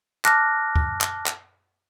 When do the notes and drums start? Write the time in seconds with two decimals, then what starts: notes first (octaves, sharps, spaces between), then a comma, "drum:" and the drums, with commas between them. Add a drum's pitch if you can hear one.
0.25 A5 D6 F6 F#6 A#6, drum: clap
0.76 drum: kick D2
1.01 drum: clap
1.26 drum: clap